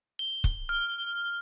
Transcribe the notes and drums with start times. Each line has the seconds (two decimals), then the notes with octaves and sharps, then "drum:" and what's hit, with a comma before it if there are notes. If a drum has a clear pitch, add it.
0.19 G7
0.44 drum: kick
0.69 F6